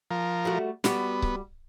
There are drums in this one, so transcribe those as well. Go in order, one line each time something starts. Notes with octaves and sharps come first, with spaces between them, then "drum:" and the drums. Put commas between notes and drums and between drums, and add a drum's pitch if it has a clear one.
F3 A#4
G3 A3 F#4
G3 B3 F#4 G4, drum: snare
drum: kick C#1